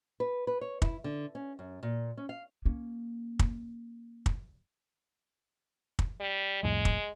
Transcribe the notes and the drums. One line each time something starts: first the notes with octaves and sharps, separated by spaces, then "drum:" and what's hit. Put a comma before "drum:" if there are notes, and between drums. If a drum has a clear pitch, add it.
B4
B4
C#5
E4, drum: kick
D3
C#4
F#2
A#2
C#4
F5
A#3 C#4
drum: kick
drum: kick
drum: kick
G3
C2 F2 A2 G#3
drum: kick